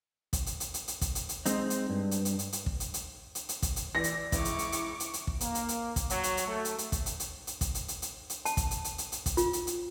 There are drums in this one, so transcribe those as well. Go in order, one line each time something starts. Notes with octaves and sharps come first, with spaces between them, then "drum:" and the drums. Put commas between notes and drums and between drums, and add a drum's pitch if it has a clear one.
drum: kick, hi-hat
drum: hi-hat
drum: hi-hat
drum: hi-hat
drum: hi-hat
drum: kick, hi-hat
drum: hi-hat
drum: hi-hat
G#3 C4 D#4, drum: hi-hat
drum: hi-hat
G2
drum: hi-hat
drum: hi-hat
drum: hi-hat
drum: hi-hat
drum: kick
drum: hi-hat
drum: hi-hat
drum: hi-hat
drum: hi-hat
drum: kick, hi-hat
drum: hi-hat
E3 D5 A#6
drum: hi-hat
C#2 E3 E4 C#6 D6, drum: kick, hi-hat
drum: hi-hat
drum: hi-hat
drum: hi-hat
drum: hi-hat
drum: hi-hat
drum: kick
A#3, drum: hi-hat
drum: hi-hat
drum: hi-hat
drum: kick, hi-hat
F#3, drum: hi-hat
drum: hi-hat
drum: hi-hat
A3
drum: hi-hat
drum: hi-hat
drum: kick, hi-hat
drum: hi-hat
drum: hi-hat
drum: hi-hat
drum: kick, hi-hat
drum: hi-hat
drum: hi-hat
drum: hi-hat
drum: hi-hat
A5, drum: hi-hat
drum: kick, hi-hat
drum: hi-hat
drum: hi-hat
drum: hi-hat
drum: hi-hat
drum: kick, hi-hat
F4, drum: hi-hat
drum: hi-hat
drum: hi-hat